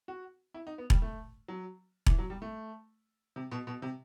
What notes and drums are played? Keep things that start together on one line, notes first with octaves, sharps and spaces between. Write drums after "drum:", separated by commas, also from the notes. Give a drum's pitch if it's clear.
F#4
E4
D#4
B3
G3, drum: kick E1
A3
F#3
E3, drum: kick E1
F#3
G3
A3
C3
B2
B2
C3